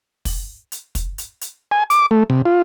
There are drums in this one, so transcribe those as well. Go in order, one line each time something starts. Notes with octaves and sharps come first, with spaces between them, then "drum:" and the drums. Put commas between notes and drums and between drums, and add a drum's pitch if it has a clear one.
drum: kick, open hi-hat
drum: hi-hat
drum: kick, hi-hat
drum: hi-hat
drum: hi-hat
G#5
D6, drum: hi-hat
A3
C3
F4